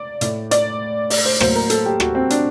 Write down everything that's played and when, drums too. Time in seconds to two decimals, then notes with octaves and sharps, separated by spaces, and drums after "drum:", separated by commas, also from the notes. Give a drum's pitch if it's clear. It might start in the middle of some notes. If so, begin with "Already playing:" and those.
Already playing: D5
0.21 A2 A3, drum: hi-hat
0.51 D5, drum: hi-hat
1.10 D5, drum: open hi-hat
1.25 C5
1.40 A2 F#3 A#3 C5, drum: rim click
1.56 A#4
1.70 A4, drum: hi-hat
1.86 G4
2.00 F#4, drum: rim click
2.15 C4
2.30 D4, drum: hi-hat